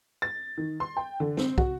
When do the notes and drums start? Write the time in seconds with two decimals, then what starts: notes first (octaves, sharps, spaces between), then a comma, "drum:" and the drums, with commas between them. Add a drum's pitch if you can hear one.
0.22 A6
0.58 D#3
0.80 C6
0.97 G5
1.20 D3
1.37 C4, drum: snare
1.58 F#4, drum: kick